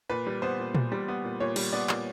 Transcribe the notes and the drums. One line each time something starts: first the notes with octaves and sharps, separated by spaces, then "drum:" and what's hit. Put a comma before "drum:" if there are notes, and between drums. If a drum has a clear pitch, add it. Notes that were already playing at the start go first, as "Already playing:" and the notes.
A#2 B4
G3
B3 C5
A#2
A#2, drum: tom A#2
G3
B3
A#2
A#2 C#5
G3, drum: cymbal
B3 D5
A#2, drum: clap